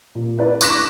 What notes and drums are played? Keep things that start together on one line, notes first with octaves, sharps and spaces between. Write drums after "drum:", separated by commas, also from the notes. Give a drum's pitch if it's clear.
A#2
E4 B4 D5
C#6 D6 F#6 A#6 B6 E7, drum: tambourine